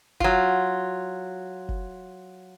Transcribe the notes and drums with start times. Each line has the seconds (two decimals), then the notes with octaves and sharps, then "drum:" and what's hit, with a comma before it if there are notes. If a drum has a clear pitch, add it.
0.20 F#3 F4, drum: kick
1.69 drum: kick